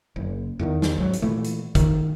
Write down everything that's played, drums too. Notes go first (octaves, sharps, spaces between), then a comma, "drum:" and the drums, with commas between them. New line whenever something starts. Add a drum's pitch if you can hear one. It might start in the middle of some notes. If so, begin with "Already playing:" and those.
F#1
E2 D3 D#3
drum: snare
G#1 F#3
drum: hi-hat
A#2 E3 A3
drum: hi-hat
D#3, drum: kick, hi-hat